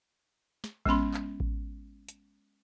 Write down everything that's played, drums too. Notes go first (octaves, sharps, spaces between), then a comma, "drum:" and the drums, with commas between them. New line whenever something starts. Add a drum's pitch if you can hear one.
drum: snare
G#3 B3 C#4 B5 C6, drum: kick A1
drum: clap
drum: kick A1
drum: hi-hat